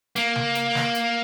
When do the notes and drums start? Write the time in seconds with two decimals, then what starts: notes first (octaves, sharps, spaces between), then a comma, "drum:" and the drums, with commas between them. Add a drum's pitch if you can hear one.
0.16 A#3, drum: hi-hat
0.36 drum: tom C#3
0.55 drum: hi-hat
0.75 drum: snare
0.95 drum: hi-hat